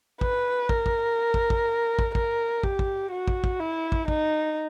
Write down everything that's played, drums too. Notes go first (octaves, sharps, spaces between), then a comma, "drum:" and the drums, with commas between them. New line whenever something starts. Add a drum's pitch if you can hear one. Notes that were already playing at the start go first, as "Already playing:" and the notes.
B4, drum: kick
A#4, drum: kick
drum: kick
drum: kick
drum: kick
drum: kick
A#4, drum: kick
G4, drum: kick
drum: kick
F#4
drum: kick
drum: kick
E4
drum: kick
D#4, drum: kick